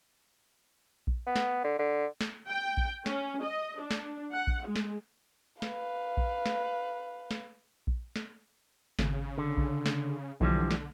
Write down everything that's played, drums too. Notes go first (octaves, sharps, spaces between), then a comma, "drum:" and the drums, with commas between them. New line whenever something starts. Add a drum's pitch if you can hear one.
drum: kick A#1
B3
drum: snare
D3
D3
drum: snare
G5
drum: kick A#1
C#4, drum: snare
D#5
D4
drum: snare
F#5
drum: kick A#1
G#3
drum: snare
B4 F5, drum: snare
drum: kick A#1
drum: snare
drum: snare
drum: kick A#1
drum: snare
G#1 C#3, drum: snare
D3
drum: kick A#1
drum: snare
B1 D3 E3 F3 G3
drum: snare